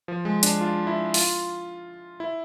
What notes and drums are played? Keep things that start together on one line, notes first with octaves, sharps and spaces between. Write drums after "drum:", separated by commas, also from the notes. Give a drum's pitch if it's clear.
F3
G#3
D4, drum: hi-hat
F4
E4
F4, drum: open hi-hat
E4